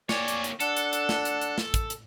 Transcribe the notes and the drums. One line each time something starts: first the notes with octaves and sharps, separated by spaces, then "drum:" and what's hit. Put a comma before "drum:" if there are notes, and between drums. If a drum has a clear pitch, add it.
A#3 C#5 D5 G#5, drum: snare
drum: hi-hat
drum: hi-hat
D4 A4 F#5, drum: hi-hat
drum: hi-hat
drum: hi-hat
drum: snare
drum: hi-hat
drum: hi-hat
drum: snare
drum: kick, hi-hat
drum: hi-hat